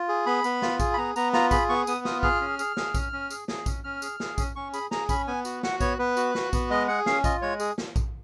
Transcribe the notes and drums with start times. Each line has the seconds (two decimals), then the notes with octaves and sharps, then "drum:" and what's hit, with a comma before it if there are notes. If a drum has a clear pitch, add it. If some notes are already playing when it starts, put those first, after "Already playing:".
Already playing: F4
0.09 G#4
0.26 B3 B5
0.44 B3, drum: tambourine
0.62 F4, drum: snare
0.80 G#4, drum: kick A#1, tambourine
0.94 B5
0.98 B3 A#5
1.16 B3 A#5, drum: tambourine
1.33 F4 A#5, drum: snare
1.51 G#4 B5, drum: kick A#1, tambourine
1.69 B3 C#6
1.87 B3 D#6, drum: tambourine
2.05 F4 D#6, drum: snare
2.23 G#4 F6, drum: kick A#1
2.41 C#4
2.59 G#4, drum: tambourine
2.77 G#4, drum: snare
2.94 C#4, drum: kick A#1, tambourine
3.12 C#4
3.30 G#4, drum: tambourine
3.48 G#4, drum: snare
3.66 C#4, drum: kick A#1, tambourine
3.84 C#4 F6
4.02 G#4, drum: tambourine
4.20 G#4, drum: snare
4.38 C#4, drum: kick A#1, tambourine
4.56 C#4 C#6
4.73 G#4 B5, drum: tambourine
4.91 G#4 A#5, drum: snare
5.09 C#4 B5, drum: kick A#1, tambourine
5.27 B3 G#5
5.45 F#4, drum: tambourine
5.63 F#4 F#5, drum: snare
5.80 B3 C#5, drum: kick A#1, tambourine
5.99 B3 B4
6.17 F#4, drum: tambourine
6.35 F#4, drum: snare
6.53 B3, drum: kick A#1, tambourine
6.70 G#3 D#5
6.88 G#4 F#5
7.06 C#4 F5, drum: snare
7.24 F4 D#5, drum: kick A#1, tambourine
7.42 G#3 C#5
7.60 G#4, drum: tambourine
7.78 drum: snare
7.96 drum: kick A#1, tambourine